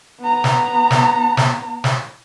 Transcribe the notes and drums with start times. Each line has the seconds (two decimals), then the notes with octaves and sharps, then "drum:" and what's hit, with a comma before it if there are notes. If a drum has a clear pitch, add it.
0.21 B3 A#5
0.44 drum: snare
0.91 drum: snare
1.37 drum: snare
1.84 drum: snare